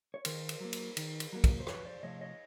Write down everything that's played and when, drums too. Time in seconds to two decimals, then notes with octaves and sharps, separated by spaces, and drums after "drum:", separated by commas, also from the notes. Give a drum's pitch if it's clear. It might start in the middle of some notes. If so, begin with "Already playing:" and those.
0.14 C#5
0.25 D#3 A#4 C5, drum: cymbal
0.49 drum: cymbal
0.60 F#3 A#3
0.73 drum: cymbal
0.97 D#3, drum: cymbal
1.20 drum: cymbal
1.33 F#3 A#3
1.44 drum: kick, cymbal
1.60 C5
1.67 F2 B4 C#5, drum: rim click
1.85 C5 D5
2.03 C3 F3 A3 C#5 D#5
2.21 C#5 D#5